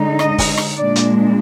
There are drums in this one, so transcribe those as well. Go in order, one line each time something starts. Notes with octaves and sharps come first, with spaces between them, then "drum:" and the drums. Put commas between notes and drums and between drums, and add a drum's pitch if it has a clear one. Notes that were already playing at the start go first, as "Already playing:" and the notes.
Already playing: D3 G#3 D#4
D#5, drum: rim click
drum: kick, open hi-hat
drum: rim click
A#2 G#3 D4 D5
drum: hi-hat